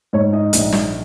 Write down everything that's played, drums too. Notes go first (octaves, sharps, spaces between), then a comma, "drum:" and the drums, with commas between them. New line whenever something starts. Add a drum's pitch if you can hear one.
G#2 C#5
D#4 D#5
A#1, drum: hi-hat
drum: snare